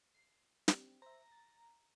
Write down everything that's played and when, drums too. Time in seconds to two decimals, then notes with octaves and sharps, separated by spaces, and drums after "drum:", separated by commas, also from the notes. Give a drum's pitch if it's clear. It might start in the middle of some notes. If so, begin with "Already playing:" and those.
0.15 C7
0.68 C4 D4 G4, drum: snare
1.02 C5 E5 A#5
1.32 A6